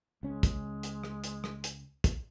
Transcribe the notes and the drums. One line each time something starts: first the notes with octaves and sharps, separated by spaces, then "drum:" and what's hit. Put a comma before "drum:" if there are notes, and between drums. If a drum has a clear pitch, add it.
C#2 G#3 C#4
drum: kick, hi-hat
drum: hi-hat
drum: rim click
drum: hi-hat
drum: rim click
drum: hi-hat
drum: kick, hi-hat